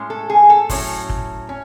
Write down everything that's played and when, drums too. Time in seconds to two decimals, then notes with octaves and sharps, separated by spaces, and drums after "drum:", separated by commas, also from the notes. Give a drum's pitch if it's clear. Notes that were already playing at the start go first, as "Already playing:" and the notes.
Already playing: A2 G#3 C#4
0.10 A4
0.30 G#4
0.50 A4
0.69 A2 F#3 C#4, drum: kick, open hi-hat
1.09 drum: kick
1.49 C#4